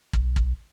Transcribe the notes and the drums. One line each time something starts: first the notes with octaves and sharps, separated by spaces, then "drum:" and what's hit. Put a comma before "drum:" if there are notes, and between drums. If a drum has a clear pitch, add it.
B1, drum: kick
drum: kick